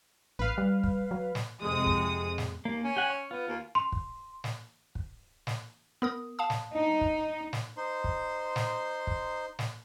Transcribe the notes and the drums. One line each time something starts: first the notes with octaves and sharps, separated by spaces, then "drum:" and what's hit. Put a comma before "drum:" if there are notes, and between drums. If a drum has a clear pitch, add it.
A1 B4 F5
G3
drum: kick
F#3
drum: snare
F2 C3 G#3 D#6
drum: kick
drum: snare
D#2 A#3
C#4
G4 F#5 G#5
C#5
B3 F4
D#2
C6
drum: kick
drum: snare
drum: kick
drum: snare
B3 A#4 D#6
F5 A5 D#6
drum: snare
D#4
drum: kick
drum: snare
D#4 C5 C6
drum: kick
drum: snare
drum: kick
drum: snare